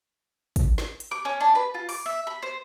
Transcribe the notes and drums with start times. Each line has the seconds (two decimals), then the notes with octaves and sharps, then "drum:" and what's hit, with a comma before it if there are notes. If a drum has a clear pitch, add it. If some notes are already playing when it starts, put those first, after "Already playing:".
0.56 drum: kick, hi-hat
0.78 drum: snare
1.00 drum: hi-hat
1.11 D6
1.25 C#4
1.40 D4
1.55 B4
1.74 F4
1.89 D6, drum: open hi-hat
2.06 E5
2.27 B5
2.42 C5